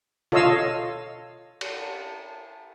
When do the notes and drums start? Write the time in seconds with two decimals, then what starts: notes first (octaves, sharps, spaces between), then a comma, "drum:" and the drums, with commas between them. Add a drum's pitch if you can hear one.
0.32 F4 A4 C#5 D#5 F5 E6, drum: tom
1.61 drum: cymbal